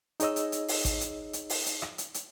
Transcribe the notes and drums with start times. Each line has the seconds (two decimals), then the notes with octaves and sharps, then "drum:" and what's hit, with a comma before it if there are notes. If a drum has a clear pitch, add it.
0.20 D#4 G#4 C#5 D#5 E6, drum: hi-hat
0.36 drum: hi-hat
0.52 drum: hi-hat
0.68 drum: open hi-hat
0.85 drum: kick G#1, hi-hat
1.01 drum: hi-hat
1.33 drum: hi-hat
1.50 drum: open hi-hat
1.66 drum: hi-hat
1.82 drum: rim click
1.98 drum: hi-hat
2.14 drum: hi-hat